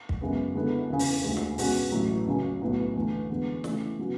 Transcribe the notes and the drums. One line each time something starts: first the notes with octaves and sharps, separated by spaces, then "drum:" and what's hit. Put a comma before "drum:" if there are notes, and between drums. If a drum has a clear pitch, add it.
drum: kick
F#2 C#3 G#3 B3
D3 G#3 B3 E4 A4
E1 E2 C#3 E3
drum: open hi-hat
D2 D3 G#3
drum: snare
B2 G#3 C#4 F#4, drum: open hi-hat
A1 A2 F#3
C#2 C#3 F#3 C#4
B1 A2 F#3 B3
E2 D3 A3
E2 D3 G#3 B3
C#3 E3 A3 E4, drum: snare
C#3 F#3 B3 F#4